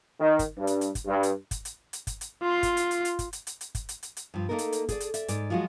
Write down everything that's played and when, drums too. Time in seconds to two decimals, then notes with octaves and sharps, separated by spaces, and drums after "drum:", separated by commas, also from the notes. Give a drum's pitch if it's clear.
0.20 D#3
0.39 drum: kick, hi-hat
0.58 G2
0.67 drum: hi-hat
0.81 drum: hi-hat
0.95 drum: kick, hi-hat
1.06 G2
1.23 drum: hi-hat
1.51 drum: kick, hi-hat
1.65 drum: hi-hat
1.93 drum: hi-hat
2.07 drum: kick, hi-hat
2.21 drum: hi-hat
2.42 F4 C6
2.63 drum: kick, hi-hat
2.77 drum: hi-hat
2.91 drum: hi-hat
3.05 drum: hi-hat
3.19 drum: kick, hi-hat
3.33 drum: hi-hat
3.47 drum: hi-hat
3.61 drum: hi-hat
3.75 drum: kick, hi-hat
3.89 drum: hi-hat
4.03 drum: hi-hat
4.17 drum: hi-hat
4.34 G2 F3
4.49 A3 A#3 C4 D#4 A4 A#4
4.59 drum: hi-hat
4.72 drum: hi-hat
4.89 G#4 A4 D5, drum: kick, hi-hat
5.00 drum: hi-hat
5.14 D5 E5, drum: hi-hat
5.28 G#2 D5, drum: hi-hat
5.50 F3 F#3 G#3 F4 F#4